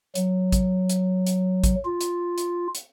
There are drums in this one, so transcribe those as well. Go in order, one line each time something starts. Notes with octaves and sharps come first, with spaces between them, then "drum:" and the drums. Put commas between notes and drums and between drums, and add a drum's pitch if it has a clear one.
F#3, drum: hi-hat
drum: kick A1, hi-hat
drum: hi-hat
drum: hi-hat
drum: kick A1, hi-hat
F4
drum: hi-hat
drum: hi-hat
drum: hi-hat